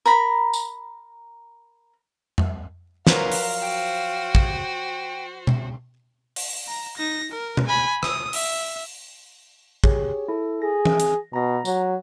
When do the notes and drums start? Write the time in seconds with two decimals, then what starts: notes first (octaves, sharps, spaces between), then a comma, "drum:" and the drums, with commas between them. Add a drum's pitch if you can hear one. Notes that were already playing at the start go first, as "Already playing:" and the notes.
0.06 A#4 A#5 B5
0.53 drum: tambourine
2.38 drum: tom F2
3.07 F3 F#3 A#4 B4 F5 G#5 C6, drum: snare
3.32 drum: open hi-hat
3.62 F#4 C5 G5
4.35 drum: kick
5.47 drum: tom B2
6.36 drum: open hi-hat
6.68 A#5
6.97 D#4 A#6
7.32 A#4
7.57 drum: tom B2
7.67 G#5 B5
8.03 D#6, drum: rim click
8.33 E5, drum: open hi-hat
9.84 G4 G#4 C#5, drum: kick
10.28 E4 A4
10.62 G#4 A#6
10.85 drum: tom E3
11.00 drum: hi-hat
11.33 B2 A#5 A#6
11.65 F#3, drum: tambourine